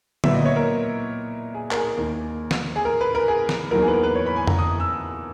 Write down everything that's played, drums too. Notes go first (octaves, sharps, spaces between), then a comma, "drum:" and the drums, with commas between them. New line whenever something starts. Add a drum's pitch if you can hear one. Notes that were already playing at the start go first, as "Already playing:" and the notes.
A#2 F#3 B3 E5, drum: tom D3
D#5
C#5
A#4
G#4
A#4, drum: clap
G#4
D#2 D#3 A#3 A#4
drum: snare
G#4
A#4
B4
A#4
G#4
drum: snare
E2 D#3 F#3 A#3 A#4
G#4
B4
A#4
B4
C#5
B5
G#5
A#5, drum: tom F2
D#6
E6